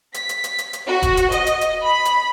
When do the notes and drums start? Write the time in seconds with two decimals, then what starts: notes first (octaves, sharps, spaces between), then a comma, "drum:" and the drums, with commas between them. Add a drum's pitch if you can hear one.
0.14 B6, drum: hi-hat
0.29 drum: hi-hat
0.44 drum: hi-hat
0.58 drum: hi-hat
0.73 drum: hi-hat
0.86 F#4
1.02 drum: kick E1, hi-hat
1.17 drum: hi-hat
1.32 D#5, drum: hi-hat
1.47 drum: hi-hat
1.61 drum: hi-hat
1.84 B5
2.05 drum: hi-hat